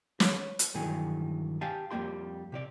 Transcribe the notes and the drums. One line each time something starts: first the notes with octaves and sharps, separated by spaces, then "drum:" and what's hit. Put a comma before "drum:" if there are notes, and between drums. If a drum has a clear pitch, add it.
B4 C#5, drum: snare
drum: hi-hat
G2 B2 D#3 E3 F#3 G#4
G4 F5 G#5 A5
F2 G3 A#3 G4 C6
C3 G4 D5